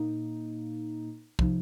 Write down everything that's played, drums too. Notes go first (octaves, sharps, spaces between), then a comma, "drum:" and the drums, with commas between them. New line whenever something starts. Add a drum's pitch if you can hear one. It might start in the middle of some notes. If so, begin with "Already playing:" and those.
Already playing: A#2 A#3 D#4
C3 F3 D#4, drum: kick